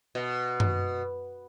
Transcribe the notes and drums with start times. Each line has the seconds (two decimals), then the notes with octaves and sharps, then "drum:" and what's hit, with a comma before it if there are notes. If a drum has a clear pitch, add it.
0.15 B2
0.60 drum: tom F#2